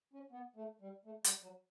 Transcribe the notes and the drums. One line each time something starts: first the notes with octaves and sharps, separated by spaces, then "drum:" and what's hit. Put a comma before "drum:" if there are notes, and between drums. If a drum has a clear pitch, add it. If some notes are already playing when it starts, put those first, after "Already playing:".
C#4
B3
A3
G3
A3
G3, drum: hi-hat
F#3